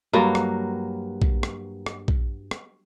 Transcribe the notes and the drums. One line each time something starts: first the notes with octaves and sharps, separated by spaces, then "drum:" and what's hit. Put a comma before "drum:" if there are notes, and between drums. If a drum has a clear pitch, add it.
G2 F#3 A#3
drum: rim click
drum: kick A#1
drum: rim click
drum: rim click
drum: kick A#1
drum: rim click